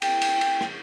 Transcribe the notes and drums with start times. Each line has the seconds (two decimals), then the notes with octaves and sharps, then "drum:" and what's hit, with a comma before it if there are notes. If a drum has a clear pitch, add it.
0.02 G5, drum: cymbal
0.21 drum: cymbal
0.41 drum: cymbal
0.61 drum: rim click